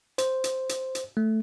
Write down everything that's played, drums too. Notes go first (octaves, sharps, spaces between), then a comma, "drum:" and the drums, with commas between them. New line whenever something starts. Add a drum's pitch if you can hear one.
C5, drum: hi-hat
drum: hi-hat
drum: hi-hat
drum: hi-hat
A3